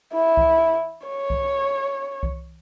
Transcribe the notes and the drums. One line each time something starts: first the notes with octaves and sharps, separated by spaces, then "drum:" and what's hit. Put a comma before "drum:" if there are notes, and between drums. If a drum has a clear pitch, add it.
E4
drum: kick C2
C#5
drum: kick C2
drum: kick C2